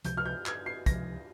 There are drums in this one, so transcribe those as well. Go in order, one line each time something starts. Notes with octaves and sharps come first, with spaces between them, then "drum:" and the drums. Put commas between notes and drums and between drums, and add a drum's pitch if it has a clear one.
C#2 C3 F3 G6, drum: hi-hat
F6
G6
G#6, drum: clap
C7
C#2 C3 F3 A#6, drum: kick, hi-hat